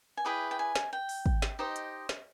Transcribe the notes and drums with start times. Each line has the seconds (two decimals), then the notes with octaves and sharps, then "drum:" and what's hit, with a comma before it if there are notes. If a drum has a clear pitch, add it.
0.17 G#5
0.25 E4 G#4 B4 D5 G5
0.51 G5
0.59 G#5
0.75 drum: snare
0.93 G5
1.09 drum: open hi-hat
1.26 drum: kick
1.42 drum: snare
1.59 D#4 G4 C5 D#5
1.76 drum: hi-hat
2.09 drum: snare